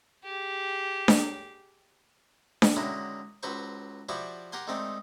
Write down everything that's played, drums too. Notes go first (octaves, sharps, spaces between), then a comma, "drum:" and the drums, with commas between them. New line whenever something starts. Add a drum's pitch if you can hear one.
G4 G#4
drum: snare D4
drum: snare D4
D3 D#3 F#3 G#3 C#4 E4
C#2 F#3 B4 C5 C#6
F3 E4 F#4 G4 D5 C#6
G4 A#4 F#5 G#5 C6
D#3 G#3 A3 C4 D#4 D5